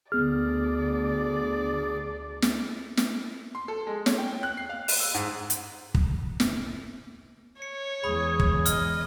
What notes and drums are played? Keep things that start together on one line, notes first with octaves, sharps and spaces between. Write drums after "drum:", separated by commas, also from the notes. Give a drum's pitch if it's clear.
D2 D3 B3 G#4 D5 F6
drum: snare
drum: snare
C6
A4
G#3
C#5, drum: snare
G5
F#6
C7
F5
E7, drum: open hi-hat
E6
G#2
drum: hi-hat
drum: kick
drum: snare
C#5 C#7
E2 G#3 G#4 B5
drum: kick
D#5 F6, drum: hi-hat